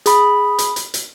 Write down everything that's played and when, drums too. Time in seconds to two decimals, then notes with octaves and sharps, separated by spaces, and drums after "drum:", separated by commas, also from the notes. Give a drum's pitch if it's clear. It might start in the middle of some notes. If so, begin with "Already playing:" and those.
0.06 G#4 B5, drum: hi-hat
0.58 drum: hi-hat
0.76 drum: hi-hat
0.94 drum: hi-hat